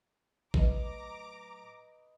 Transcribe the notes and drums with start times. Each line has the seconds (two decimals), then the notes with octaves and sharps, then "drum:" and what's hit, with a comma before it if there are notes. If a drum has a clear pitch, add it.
0.54 A2 F#3 B4 D#5 A#5 D6, drum: kick A1